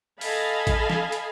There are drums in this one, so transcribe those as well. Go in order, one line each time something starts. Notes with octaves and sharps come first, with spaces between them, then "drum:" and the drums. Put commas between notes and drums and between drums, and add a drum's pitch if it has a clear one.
A4 D#5 F5 G#5 A5 B5, drum: open hi-hat
drum: kick G#1, hi-hat
drum: snare
drum: hi-hat